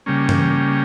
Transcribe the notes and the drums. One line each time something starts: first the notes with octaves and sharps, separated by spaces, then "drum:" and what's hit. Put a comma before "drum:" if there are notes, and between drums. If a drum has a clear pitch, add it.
C#3 G3 A#3 C#4
drum: tom